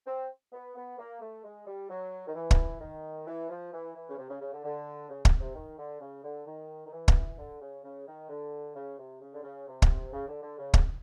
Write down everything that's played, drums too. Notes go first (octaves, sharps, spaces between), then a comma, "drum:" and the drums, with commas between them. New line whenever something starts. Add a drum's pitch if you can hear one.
C4
B3
B3
A#3
A3
G#3
G3
F#3
D#3
E3
drum: kick
D#3
E3
F3
E3
E3
C#3
C3
C#3
C#3
D3
D3
C#3
drum: kick
C3
D#3
D3
C#3
D3
D#3
D#3
E3
drum: kick
D3
C#3
C#3
D#3
D3
C#3
C3
C#3
D3
C#3
C3
drum: kick
C#3
D3
D3
C#3
drum: kick